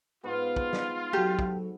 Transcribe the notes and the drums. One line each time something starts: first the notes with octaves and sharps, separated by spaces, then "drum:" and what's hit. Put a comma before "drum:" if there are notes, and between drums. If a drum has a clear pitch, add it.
G#2 B3 F4
drum: kick
drum: snare
F#3 F#4 G4 A4
drum: kick